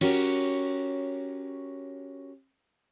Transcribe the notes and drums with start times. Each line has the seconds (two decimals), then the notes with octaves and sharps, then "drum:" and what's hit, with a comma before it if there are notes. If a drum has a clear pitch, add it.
0.01 C#4 F#4 G4 A#4 C#5, drum: cymbal